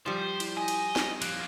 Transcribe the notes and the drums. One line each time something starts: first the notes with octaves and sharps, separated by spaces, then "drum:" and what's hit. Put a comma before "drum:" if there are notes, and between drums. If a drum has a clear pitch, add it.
F3 G3 C5
E4, drum: cymbal
D#5 G#5
drum: cymbal
drum: snare
F2 A#3 F#6, drum: cymbal